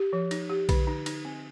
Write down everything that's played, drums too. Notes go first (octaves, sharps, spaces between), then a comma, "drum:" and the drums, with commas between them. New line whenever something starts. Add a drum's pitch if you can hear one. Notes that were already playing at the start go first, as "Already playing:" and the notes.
Already playing: G4
F3
D#4, drum: cymbal
G4
D3, drum: kick B1, cymbal
D#4
D#4, drum: cymbal
C4